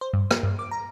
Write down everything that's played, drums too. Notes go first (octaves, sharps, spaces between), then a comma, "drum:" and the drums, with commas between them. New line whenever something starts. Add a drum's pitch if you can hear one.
C5
G2
A#3, drum: rim click
G2
D6
A#5